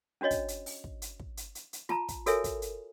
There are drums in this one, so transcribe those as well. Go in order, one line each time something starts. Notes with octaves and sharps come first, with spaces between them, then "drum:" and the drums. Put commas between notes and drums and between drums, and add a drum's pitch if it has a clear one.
C#4 D4 F#4 C#5 D#5
drum: kick, hi-hat
drum: hi-hat
drum: open hi-hat
drum: kick
drum: hi-hat
drum: kick
drum: hi-hat
drum: hi-hat
drum: hi-hat
F4 A5 A#5, drum: snare
drum: kick, hi-hat
F#4 A4 A#4 C#5 E5 G#5, drum: hi-hat
drum: kick, hi-hat
drum: hi-hat